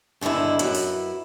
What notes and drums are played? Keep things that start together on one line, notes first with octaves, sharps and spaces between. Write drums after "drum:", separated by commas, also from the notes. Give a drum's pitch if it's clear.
G2 D3 D#3 G#3 E4
F#2 E4 B4, drum: hi-hat
drum: open hi-hat